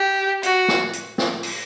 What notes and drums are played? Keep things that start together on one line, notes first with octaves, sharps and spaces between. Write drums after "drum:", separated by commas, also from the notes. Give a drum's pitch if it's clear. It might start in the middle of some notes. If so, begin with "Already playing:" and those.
Already playing: G4
F#4, drum: hi-hat
drum: snare
drum: hi-hat
drum: snare
drum: open hi-hat